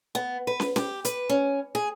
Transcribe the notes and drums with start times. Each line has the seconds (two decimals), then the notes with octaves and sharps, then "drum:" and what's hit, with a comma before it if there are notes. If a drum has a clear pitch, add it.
0.15 B3
0.47 B4
0.60 drum: snare
0.76 G4, drum: snare
1.05 B4, drum: hi-hat
1.29 C#4
1.75 G#4